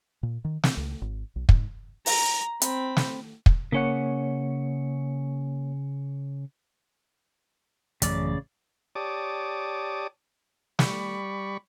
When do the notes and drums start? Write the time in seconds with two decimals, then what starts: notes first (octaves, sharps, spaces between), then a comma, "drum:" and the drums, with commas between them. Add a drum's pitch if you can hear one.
0.23 A#2
0.45 D#3
0.63 C4, drum: snare
0.77 C#2
1.02 G#1
1.36 B1
1.49 G#2, drum: kick
2.06 A#5, drum: open hi-hat
2.62 C4 B5, drum: hi-hat
2.97 drum: snare
3.46 drum: kick
3.72 C#3 A#3 C#4 C#5 F#5
8.02 A1 F#2 C#3 D5, drum: hi-hat
8.95 G4 C#5 D5 A5 D6 D#6
10.79 G3 D5 B5 C#6, drum: snare